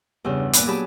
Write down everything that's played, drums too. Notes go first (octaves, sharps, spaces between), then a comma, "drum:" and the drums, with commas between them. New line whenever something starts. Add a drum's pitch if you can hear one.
E2 G2 C#3
D4
A#2 D5 G#5 B5 F#6, drum: hi-hat
F#3 B3 G4 G#4 A5 B5